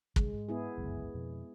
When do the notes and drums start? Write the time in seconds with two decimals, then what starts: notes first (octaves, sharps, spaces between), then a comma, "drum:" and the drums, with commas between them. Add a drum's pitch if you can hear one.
0.16 C2 D3 G#3, drum: kick
0.33 G#2
0.49 B3 E4 G#4
0.78 G1 C#2 F#2
1.14 F2 B2